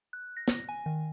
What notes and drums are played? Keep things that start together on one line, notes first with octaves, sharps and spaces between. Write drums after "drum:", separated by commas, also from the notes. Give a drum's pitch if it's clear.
F#6
A#6
drum: snare
G#5
D#3